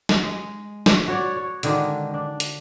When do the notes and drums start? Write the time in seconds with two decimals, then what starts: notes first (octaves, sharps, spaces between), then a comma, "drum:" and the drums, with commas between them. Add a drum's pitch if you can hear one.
0.09 drum: snare
0.23 G#3
0.86 drum: snare
1.08 F#4 C#5 D5
1.37 C#5
1.63 D3 D#3 G#3 D4, drum: hi-hat
2.14 D4
2.40 drum: hi-hat